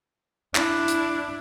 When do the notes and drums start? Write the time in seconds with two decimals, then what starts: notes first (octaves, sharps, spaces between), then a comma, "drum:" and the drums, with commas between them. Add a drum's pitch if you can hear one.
0.55 D4 E4, drum: clap
0.88 drum: hi-hat